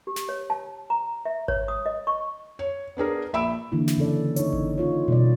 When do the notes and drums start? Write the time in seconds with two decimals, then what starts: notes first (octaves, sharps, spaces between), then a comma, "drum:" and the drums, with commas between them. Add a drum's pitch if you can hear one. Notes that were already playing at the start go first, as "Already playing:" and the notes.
0.07 G4
0.16 drum: snare
0.29 C#5
0.50 A5
0.90 A#5
1.25 E5
1.48 C#5, drum: kick G#1
1.68 D#6
1.86 D#5
2.07 C#6
2.59 C#5
2.97 B3 D4 G#4 A#4
3.33 A#1 E5 B5 E6 D7
3.72 D3 E3 A#3 E4
3.88 drum: snare
3.98 C#3 C#4 A4 D5
4.36 D#4 C#5, drum: hi-hat
4.53 drum: kick G#1
4.78 C#4 D#4 F4 C#5
5.08 B2 G3 D5